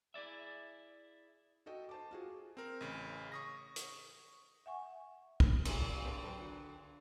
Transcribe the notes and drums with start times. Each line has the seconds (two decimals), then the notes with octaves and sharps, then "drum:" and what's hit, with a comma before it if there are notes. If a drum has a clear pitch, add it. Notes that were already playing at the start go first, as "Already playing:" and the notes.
0.14 E4 G#4 D5 E5
1.66 F#4 A4 D#5 G5
1.89 C5 A5 D6
2.11 F4 F#4 G#4
2.57 C4 A#4
2.81 A1 C#3
3.32 C#6 D#6 A#6
3.76 drum: hi-hat
4.66 E5 F#5 G#5 C#6
5.40 drum: kick
5.65 C3 E5, drum: cymbal
6.04 C4 D4 A4 B4 C5 D5
6.23 F#2 A4 B4 G5
6.38 D3 F#4